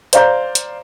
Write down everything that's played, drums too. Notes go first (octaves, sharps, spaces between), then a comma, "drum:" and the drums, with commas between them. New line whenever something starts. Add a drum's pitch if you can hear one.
C5 D5 F5 A#5 G6, drum: hi-hat
drum: hi-hat